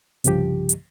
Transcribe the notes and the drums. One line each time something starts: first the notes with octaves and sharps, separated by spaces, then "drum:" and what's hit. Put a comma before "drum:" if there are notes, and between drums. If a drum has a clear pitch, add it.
C2 G2 C#3 F3 G4, drum: hi-hat
drum: hi-hat